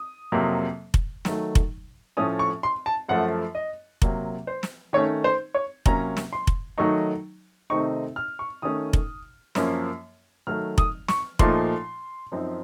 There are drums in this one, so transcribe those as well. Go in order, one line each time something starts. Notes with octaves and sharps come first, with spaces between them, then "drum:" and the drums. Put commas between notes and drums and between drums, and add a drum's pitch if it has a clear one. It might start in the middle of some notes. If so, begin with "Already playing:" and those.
Already playing: D#6
F2 C3 F#3 A#3
drum: kick F1
D#3 F#3 A3, drum: snare
drum: kick F1
A2 F3 A3 C#4 D#6
C#6
C6
A5
F#2 F3 A3 F#5
D#5
C3 F#3 A#3, drum: kick F1
C5
drum: snare
D#3 A3 C#4 C#5
C5
C#5
C3 F#3 A#3 C#4 A#5, drum: kick F1
drum: snare
C6
drum: kick F1
D#3 F#3 A3 D#4 C#6
C3 D#3 A3 C4 D#4 C#6
F6
C#6
D#3 A3 C#4 D#6
drum: kick F1
F#2 F3 A#3 C#4, drum: snare
D#3 F#3 A3 F6
D#6, drum: kick F1
C#6, drum: snare
A#2 F3 A3 D#4 C6, drum: kick F1
F#2 F3 C4 D#4